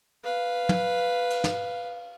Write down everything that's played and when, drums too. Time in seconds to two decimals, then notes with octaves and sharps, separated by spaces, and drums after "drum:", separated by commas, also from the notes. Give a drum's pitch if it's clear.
0.24 B4 F5
0.69 drum: tom
1.30 drum: cymbal
1.44 drum: snare